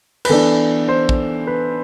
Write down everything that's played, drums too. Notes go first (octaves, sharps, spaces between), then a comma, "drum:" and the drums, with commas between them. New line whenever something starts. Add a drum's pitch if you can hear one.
B4, drum: cymbal
E3 B3 D4 A4
C5
drum: kick
B4